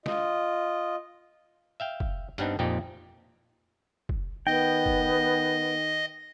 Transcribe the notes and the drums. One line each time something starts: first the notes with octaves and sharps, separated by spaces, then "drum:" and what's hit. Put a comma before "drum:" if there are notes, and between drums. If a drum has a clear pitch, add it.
F4 D#5, drum: snare
E5 F5 G5
drum: kick
G2 G3 B3 C4 D4 D#4, drum: hi-hat
F2 A#2 C4 D#4 G4
drum: kick
D#3 B3 D#5 G5
drum: kick